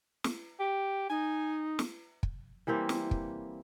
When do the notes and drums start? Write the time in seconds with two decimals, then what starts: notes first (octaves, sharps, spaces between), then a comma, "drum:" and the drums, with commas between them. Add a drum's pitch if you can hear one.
0.24 drum: snare
0.60 G4
1.10 D#4 G#5
1.79 drum: snare
2.23 drum: kick
2.67 E3 G3 A#3 C4
2.89 drum: snare
3.11 drum: kick